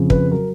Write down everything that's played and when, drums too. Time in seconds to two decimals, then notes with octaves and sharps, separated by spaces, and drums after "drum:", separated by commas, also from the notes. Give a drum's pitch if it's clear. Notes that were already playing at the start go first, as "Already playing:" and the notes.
Already playing: F2 C#3 F3
0.10 B4, drum: kick
0.32 F#3 A#4